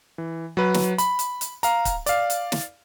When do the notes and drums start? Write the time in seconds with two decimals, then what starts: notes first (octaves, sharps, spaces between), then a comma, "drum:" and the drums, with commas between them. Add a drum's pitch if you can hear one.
0.18 E3
0.57 F#3 B4
0.74 drum: snare
0.98 B5, drum: hi-hat
1.19 drum: hi-hat
1.41 drum: hi-hat
1.63 F5 A#5, drum: hi-hat
1.85 drum: kick C#1, hi-hat
2.06 D5 F5, drum: hi-hat
2.30 drum: hi-hat
2.52 drum: snare